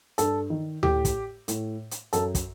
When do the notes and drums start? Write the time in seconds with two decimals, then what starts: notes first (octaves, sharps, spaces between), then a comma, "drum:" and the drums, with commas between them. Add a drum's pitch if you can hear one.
0.18 G2 A4, drum: hi-hat
0.50 D#3
0.83 A2 G4, drum: tom D2
1.05 drum: kick, hi-hat
1.48 A2, drum: hi-hat
1.91 drum: hi-hat
2.13 F#2 A4, drum: hi-hat
2.35 drum: kick, hi-hat